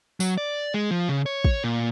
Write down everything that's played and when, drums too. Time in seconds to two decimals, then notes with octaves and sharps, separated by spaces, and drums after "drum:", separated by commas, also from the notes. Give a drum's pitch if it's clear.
0.20 F#3, drum: tambourine
0.37 D5
0.74 G#3
0.91 F3
1.09 C#3
1.26 C#5
1.45 drum: kick
1.64 A#2